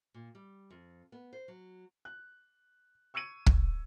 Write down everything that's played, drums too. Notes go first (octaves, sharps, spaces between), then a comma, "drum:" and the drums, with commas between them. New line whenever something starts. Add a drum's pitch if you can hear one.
A#2
G3
F2
B3
C5
F#3
F#6
C#6 E6 G#6 C#7 D#7
drum: kick